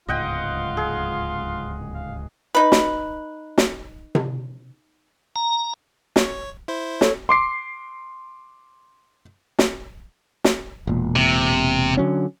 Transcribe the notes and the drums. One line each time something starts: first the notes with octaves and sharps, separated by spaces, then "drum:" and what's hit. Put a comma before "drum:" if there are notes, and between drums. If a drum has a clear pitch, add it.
D1 C#2 G#2 F4 D#5 F#5 G5
G#4
F5
D#4 B4
drum: snare
drum: snare
drum: tom C3
A#5
C#5, drum: snare
E4 C5
A4 C#5, drum: snare
C6 D6 C7
drum: snare
drum: snare
E1 A#2
C3
D3 F#3 C#4